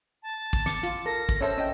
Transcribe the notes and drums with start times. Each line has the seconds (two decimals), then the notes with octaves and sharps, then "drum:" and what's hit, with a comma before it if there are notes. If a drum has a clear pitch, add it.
0.23 A5
0.53 drum: kick
0.66 D6 C#7, drum: snare
0.83 F4, drum: hi-hat
1.06 A4 A#4 A#6
1.29 drum: kick
1.41 C#4 A4 C5 C#5 E5 A5 E6
1.58 C#4 D#5 G5